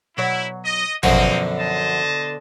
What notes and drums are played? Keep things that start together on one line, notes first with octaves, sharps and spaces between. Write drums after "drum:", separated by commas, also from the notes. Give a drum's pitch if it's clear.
B2 F#3 E4 C#5
D#5
F#2 B2 D3 F3 A#3 C4 D#4 F#4, drum: tom
C5 D#5 A5